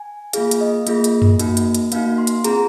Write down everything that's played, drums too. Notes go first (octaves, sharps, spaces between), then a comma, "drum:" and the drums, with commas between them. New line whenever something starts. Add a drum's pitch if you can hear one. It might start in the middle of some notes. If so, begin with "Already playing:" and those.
Already playing: G#5
A#3 F4 G#4 F5, drum: hi-hat
drum: hi-hat
D#5
A#3 F4 G#4, drum: hi-hat
drum: hi-hat
drum: tom F#2
A#3 D#4 F#4, drum: hi-hat
drum: hi-hat
drum: hi-hat
A#3 D#4 F#4 F5, drum: hi-hat
C6
drum: hi-hat
C4 F4 G#4 A#5, drum: hi-hat